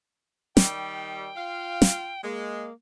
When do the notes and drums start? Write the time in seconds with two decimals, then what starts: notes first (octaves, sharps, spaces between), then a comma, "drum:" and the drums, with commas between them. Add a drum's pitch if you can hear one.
0.57 D#3 G3 G5, drum: snare
1.36 F4 F5
1.82 drum: snare
2.24 G#3 A#3